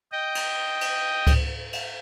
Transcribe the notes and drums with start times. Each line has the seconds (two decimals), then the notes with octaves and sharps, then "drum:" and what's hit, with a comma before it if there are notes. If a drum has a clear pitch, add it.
0.12 D#5 G5
0.35 drum: cymbal
0.81 drum: cymbal
1.27 drum: kick C#2, cymbal
1.73 drum: cymbal